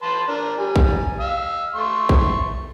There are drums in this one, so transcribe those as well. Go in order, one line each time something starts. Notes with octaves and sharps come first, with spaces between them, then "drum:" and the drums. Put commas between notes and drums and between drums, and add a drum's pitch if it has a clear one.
B4 A5 C6
D4 A#4
G3 G#5
drum: kick A#1
F5 E6
A3 C6 C#6
drum: kick A#1